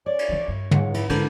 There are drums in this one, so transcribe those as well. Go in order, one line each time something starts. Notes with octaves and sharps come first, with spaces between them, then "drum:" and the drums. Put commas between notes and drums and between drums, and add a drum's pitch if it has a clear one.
C#4 C#5 D5
drum: cymbal
E3 D4
G2
C#2 G#2 F#5, drum: tom
E4, drum: cymbal
D3 G#3 D4 A#4 B4 D6 G6, drum: cymbal